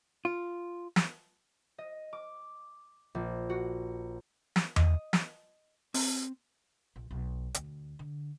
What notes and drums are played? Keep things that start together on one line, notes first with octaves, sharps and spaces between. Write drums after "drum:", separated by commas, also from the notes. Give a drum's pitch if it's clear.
F4
drum: snare
D#5
D6
A#1
F#4
drum: snare
D#5, drum: tom E2
drum: snare
C4, drum: open hi-hat
A#1
B1
D2, drum: hi-hat
D3